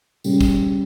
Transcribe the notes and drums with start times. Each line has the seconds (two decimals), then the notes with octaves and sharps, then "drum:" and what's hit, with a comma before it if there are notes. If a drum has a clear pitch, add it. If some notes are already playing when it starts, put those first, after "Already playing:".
0.24 C#3 G3, drum: tambourine
0.41 drum: kick, tambourine